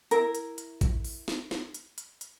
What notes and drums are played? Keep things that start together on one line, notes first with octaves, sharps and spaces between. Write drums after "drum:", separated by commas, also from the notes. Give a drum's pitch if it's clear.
E4 A#4, drum: hi-hat
drum: hi-hat
drum: hi-hat
drum: kick, hi-hat
drum: open hi-hat
drum: snare
drum: snare
drum: hi-hat
drum: hi-hat
drum: hi-hat